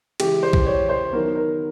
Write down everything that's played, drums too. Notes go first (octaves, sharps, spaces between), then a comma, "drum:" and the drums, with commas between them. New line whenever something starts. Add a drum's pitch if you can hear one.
C#3 E3 G#3 G4, drum: cymbal
C5
drum: kick B1
C#5
C5
D#3 F#3 B3 A#4
A#4